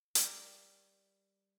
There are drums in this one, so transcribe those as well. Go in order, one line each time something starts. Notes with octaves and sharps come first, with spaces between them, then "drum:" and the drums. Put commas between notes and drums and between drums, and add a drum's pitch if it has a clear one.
G3 A#4, drum: hi-hat